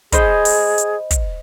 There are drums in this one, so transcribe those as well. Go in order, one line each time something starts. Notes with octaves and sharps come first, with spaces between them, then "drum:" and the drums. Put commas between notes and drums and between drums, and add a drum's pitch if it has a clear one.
G#4 C5 D#5 B5, drum: kick, hi-hat
drum: open hi-hat
drum: hi-hat
drum: kick, hi-hat